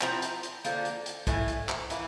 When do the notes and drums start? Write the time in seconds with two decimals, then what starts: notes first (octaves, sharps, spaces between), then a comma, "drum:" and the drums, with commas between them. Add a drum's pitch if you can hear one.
0.01 F3 C4 E4 A#5, drum: clap
0.22 drum: hi-hat
0.43 drum: hi-hat
0.65 D3 F3 A#3, drum: hi-hat
0.85 drum: hi-hat
1.06 drum: hi-hat
1.27 A2 E3, drum: kick, hi-hat
1.48 drum: hi-hat
1.69 drum: clap
1.90 E3 A#3 E4, drum: hi-hat